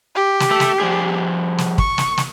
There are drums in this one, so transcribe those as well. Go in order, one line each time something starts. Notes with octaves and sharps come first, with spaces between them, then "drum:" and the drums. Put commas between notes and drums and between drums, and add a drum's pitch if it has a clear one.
G4
drum: snare
A3 A4
drum: snare
F3 G3 G#4
drum: snare
C#6, drum: kick
drum: snare
drum: snare